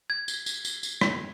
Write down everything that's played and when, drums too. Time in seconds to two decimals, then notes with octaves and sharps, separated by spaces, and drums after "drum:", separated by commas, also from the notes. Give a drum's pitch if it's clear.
0.10 G#6
0.28 drum: tambourine
0.46 drum: tambourine
0.65 drum: tambourine
0.83 drum: tambourine
1.01 drum: rim click